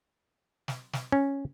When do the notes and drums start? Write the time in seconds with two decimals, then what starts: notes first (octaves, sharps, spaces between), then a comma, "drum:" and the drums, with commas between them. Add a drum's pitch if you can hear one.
0.68 drum: snare
0.93 drum: snare
1.12 C#4